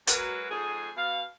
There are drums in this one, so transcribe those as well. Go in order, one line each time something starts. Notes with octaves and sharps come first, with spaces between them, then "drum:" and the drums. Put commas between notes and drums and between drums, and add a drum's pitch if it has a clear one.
F#3 G#3 F#4 A#4 B4, drum: hi-hat
F2 G#2 G#4
B2 F5